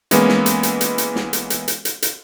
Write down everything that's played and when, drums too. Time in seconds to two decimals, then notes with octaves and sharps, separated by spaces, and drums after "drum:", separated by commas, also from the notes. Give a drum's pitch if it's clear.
0.11 E3 G#3 A#3 B3 C#4 E4, drum: hi-hat
0.28 drum: snare
0.46 drum: hi-hat
0.63 drum: hi-hat
0.81 drum: hi-hat
0.98 drum: hi-hat
1.15 drum: snare
1.33 drum: hi-hat
1.50 drum: hi-hat
1.68 drum: hi-hat
1.85 drum: hi-hat
2.02 drum: hi-hat